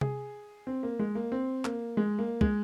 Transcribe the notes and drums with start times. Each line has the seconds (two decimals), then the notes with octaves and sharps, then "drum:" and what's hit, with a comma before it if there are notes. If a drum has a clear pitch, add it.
0.01 G#4, drum: tom C3
0.67 C4
0.83 A#3
0.99 G#3
1.15 A#3
1.32 C4
1.65 A#3, drum: clap
1.97 G#3
2.19 A#3
2.41 G#3, drum: kick